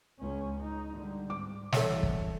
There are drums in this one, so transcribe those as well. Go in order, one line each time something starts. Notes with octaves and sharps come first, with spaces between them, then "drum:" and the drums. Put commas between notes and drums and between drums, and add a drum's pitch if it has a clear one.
C#2 C#4
D#4
D3 G3
G#2 D6
C2 E3 A4 C#5 E5, drum: snare
drum: kick